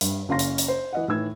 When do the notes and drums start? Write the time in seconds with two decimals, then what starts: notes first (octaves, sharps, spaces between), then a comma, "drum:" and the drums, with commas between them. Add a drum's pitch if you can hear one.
0.01 G2, drum: hi-hat
0.29 F#1 C#4 F5 C6 A#6
0.39 drum: hi-hat
0.58 drum: hi-hat
0.68 C5
0.93 E3 D#5 F#5
1.08 A2 D#3 E3 E6 G#6